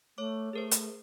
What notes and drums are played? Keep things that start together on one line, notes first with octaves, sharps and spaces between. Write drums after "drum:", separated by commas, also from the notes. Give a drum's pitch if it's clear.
A3 C#5 D6
A3 G#4 A#4 C5
drum: hi-hat